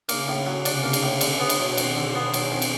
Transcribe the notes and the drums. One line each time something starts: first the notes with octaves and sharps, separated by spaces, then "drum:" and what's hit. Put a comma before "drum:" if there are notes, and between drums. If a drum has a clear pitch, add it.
C#3 A#3, drum: cymbal
A2
F#3
C3 D4, drum: cymbal
A#3
drum: cymbal
A2
B2 D3, drum: cymbal
B3
drum: cymbal
F#3
F2 D#3, drum: cymbal
D3
B3
F#3, drum: cymbal
F2
drum: cymbal